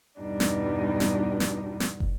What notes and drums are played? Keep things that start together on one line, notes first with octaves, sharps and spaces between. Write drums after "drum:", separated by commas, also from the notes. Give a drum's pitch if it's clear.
E2 G2 B2 G3 D4 D#4
drum: snare
drum: snare
drum: snare
drum: snare
drum: kick